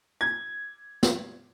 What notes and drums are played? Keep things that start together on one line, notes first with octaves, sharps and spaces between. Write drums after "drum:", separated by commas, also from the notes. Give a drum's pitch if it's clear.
G#6
drum: snare